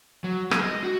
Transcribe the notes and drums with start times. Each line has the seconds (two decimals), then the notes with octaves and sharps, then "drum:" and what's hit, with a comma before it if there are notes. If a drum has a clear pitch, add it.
0.24 F#3
0.51 G#3, drum: rim click
0.64 D#5
0.84 F#4